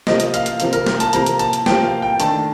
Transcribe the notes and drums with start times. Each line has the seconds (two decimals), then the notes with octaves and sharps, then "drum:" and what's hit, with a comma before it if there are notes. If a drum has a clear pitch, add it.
0.07 C3 F3 A#3 D#5, drum: snare
0.20 D#5, drum: hi-hat
0.34 F5, drum: hi-hat
0.46 F5, drum: hi-hat
0.60 C3 F3 A#3 F5, drum: hi-hat
0.73 A#4, drum: hi-hat
0.86 drum: snare
1.00 A5, drum: hi-hat
1.13 C3 F3 A#3 A#5, drum: hi-hat
1.26 drum: hi-hat
1.39 A5, drum: hi-hat
1.53 drum: hi-hat
1.66 C3 F3 A#3 G5, drum: snare
1.84 F5
2.02 G5
2.20 D#3 A3 D4 A5, drum: hi-hat